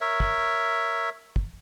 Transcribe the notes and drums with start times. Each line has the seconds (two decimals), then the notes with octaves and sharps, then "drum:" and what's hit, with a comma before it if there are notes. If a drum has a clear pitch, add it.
0.01 A#4 C#5 E5
0.20 drum: kick
1.36 drum: kick